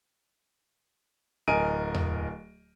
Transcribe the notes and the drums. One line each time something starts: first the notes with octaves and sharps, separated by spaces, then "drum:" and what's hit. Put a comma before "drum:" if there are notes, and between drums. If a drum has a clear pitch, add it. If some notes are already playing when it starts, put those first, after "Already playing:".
D1 A#4 D#5 G#5 D7 D#7
drum: tom E2